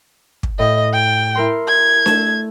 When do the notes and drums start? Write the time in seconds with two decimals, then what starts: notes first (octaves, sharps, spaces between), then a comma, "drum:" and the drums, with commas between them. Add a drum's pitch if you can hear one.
0.43 drum: kick
0.59 A2 D#5
0.93 G5
1.35 E4 A#4 C6
1.68 G#6
2.06 A3 E7, drum: snare D4